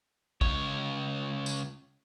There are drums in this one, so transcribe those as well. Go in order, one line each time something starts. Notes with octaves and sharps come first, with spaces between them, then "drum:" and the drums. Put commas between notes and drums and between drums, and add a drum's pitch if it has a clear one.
C#2 C#5, drum: kick
drum: tambourine